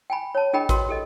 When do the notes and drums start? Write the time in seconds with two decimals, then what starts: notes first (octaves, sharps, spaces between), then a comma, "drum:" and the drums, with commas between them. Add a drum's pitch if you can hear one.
0.10 G5 G#5 B5
0.35 C#5 A5
0.53 D4 G#4 A#4 D#5 G5 B5
0.69 F#4 A#4 B4 C6, drum: kick, hi-hat
0.89 G4 A4 D#5